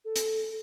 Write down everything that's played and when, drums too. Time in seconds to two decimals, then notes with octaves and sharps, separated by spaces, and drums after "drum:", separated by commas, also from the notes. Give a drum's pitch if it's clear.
0.05 A4
0.16 drum: hi-hat